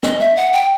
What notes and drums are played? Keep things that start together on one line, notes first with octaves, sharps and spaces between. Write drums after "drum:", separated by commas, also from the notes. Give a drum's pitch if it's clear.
D#5, drum: snare
E5
F#5
G5